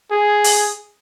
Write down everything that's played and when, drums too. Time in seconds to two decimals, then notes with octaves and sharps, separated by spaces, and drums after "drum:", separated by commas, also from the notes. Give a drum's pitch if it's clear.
0.11 G#4
0.44 drum: open hi-hat